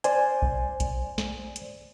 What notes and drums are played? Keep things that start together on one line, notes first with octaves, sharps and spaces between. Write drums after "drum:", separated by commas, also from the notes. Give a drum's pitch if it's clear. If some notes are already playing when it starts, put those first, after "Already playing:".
C5 D5 G#5, drum: hi-hat
drum: kick B1
drum: kick B1, hi-hat
drum: snare
drum: hi-hat